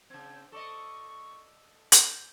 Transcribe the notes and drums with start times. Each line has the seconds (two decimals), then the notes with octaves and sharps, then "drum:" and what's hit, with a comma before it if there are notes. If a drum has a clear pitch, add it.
0.10 C#3 C4 G#6
0.52 A4 D5 D#5 C#6
1.92 G6, drum: hi-hat